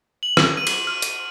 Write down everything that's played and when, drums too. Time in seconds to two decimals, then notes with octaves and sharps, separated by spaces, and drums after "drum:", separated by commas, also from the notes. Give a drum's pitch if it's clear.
0.23 F#7
0.37 drum: rim click
0.57 D#7
0.67 drum: cymbal
0.87 F6
1.02 drum: hi-hat